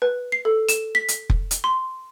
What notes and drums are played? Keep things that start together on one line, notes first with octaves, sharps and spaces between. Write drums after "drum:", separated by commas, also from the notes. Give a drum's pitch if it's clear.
B4
C7
A4
E7, drum: hi-hat
B6
drum: hi-hat
drum: kick F1
drum: hi-hat
C6